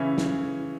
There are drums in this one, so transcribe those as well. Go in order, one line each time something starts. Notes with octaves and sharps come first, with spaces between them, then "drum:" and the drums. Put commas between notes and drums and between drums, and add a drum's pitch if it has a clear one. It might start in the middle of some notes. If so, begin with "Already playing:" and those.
Already playing: C#3 E3 C#4 E4
drum: snare